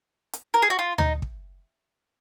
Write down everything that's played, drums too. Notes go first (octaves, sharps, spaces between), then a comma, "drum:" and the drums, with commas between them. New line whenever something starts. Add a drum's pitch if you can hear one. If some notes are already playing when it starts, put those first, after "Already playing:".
drum: hi-hat
A#4
G#4
F#4
F4
D#4, drum: tom D2
drum: kick